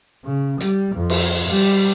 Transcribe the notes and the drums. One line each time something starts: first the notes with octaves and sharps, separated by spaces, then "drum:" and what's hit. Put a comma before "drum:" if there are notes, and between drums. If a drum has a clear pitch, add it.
C#3
G3, drum: hi-hat
F2
drum: cymbal
G3